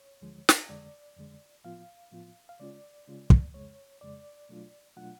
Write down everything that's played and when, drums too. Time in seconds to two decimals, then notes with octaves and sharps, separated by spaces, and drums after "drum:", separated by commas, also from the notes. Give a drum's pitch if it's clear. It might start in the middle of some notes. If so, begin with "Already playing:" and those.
Already playing: C#5
0.21 D2 D3 F3 G#3
0.49 drum: snare
0.69 F2 D3 G#3 D5
1.17 F2 D3 G#3
1.64 A2 F3 B3 F4 F5
2.12 A2 F3 B3 F4
2.49 F5
2.59 C#3 G#3 C#4 F4 D5
3.07 C#3 G#3 C#4 F4
3.30 drum: kick
3.54 F2 C#3 G#3 C#5
4.01 F2 C#3 G#3 D5
4.49 B2 F#3 A3 D4 F4
4.97 B2 F#3 A3 D4 F4 F#5